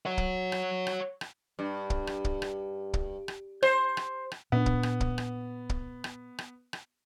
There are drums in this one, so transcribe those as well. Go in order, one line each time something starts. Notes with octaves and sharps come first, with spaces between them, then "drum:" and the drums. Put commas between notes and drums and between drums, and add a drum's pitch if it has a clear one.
C#5 F#5
drum: kick
drum: rim click
drum: rim click
drum: rim click
G2
drum: kick
drum: rim click
drum: kick
drum: rim click
drum: kick
drum: rim click
C5, drum: rim click
drum: rim click
drum: rim click
A#2 B3 D4
drum: kick
drum: rim click
drum: kick
drum: rim click
drum: kick
drum: rim click
drum: rim click
drum: rim click